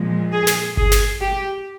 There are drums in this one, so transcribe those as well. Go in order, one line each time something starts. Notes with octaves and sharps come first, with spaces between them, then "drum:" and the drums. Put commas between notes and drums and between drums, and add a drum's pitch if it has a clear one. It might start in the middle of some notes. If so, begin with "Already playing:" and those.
Already playing: A#2 F3 G#3
G#4
drum: snare
G#4, drum: kick G1
drum: snare
G4